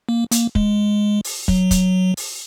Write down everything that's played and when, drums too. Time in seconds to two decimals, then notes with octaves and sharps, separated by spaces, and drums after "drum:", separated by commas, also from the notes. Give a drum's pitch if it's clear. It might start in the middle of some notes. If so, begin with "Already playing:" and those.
0.09 A#3
0.31 A#3, drum: hi-hat
0.55 G#3, drum: kick
1.24 drum: open hi-hat
1.48 F#3, drum: kick
1.71 drum: kick, hi-hat
2.17 drum: open hi-hat